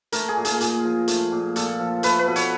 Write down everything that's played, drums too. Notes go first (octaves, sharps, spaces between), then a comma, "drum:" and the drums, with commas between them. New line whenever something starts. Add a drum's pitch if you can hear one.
A3 A#4, drum: hi-hat
G#4
A#2
G#4, drum: hi-hat
A#2, drum: hi-hat
F3
A3, drum: hi-hat
A#2
A#2 A4, drum: hi-hat
F3
A3 B4, drum: hi-hat
B4
B2
C#5, drum: hi-hat